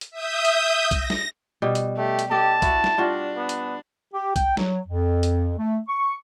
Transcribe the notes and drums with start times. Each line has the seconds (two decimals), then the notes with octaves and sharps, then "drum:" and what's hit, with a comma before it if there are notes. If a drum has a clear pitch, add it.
0.01 drum: hi-hat
0.10 E5 D#6 G6
0.45 drum: hi-hat
0.91 A#6, drum: kick, hi-hat
1.10 drum: snare
1.62 B2 G3
1.75 drum: hi-hat
1.97 A3 G4
2.19 drum: hi-hat
2.31 G4 A4 D5 D#5 A5
2.62 E4 F#4, drum: kick, hi-hat
2.84 drum: snare
2.98 G3 D4 F4 F#4
3.37 B3
3.49 drum: hi-hat
4.14 G4
4.36 G5, drum: kick, hi-hat
4.57 F#3, drum: snare
4.88 F2
5.23 drum: hi-hat
5.58 A3
5.88 C#6